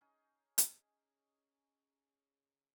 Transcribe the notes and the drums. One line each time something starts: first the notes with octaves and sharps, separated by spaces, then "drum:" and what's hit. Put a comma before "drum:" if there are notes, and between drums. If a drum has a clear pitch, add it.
C#4 D#4 G#4
drum: hi-hat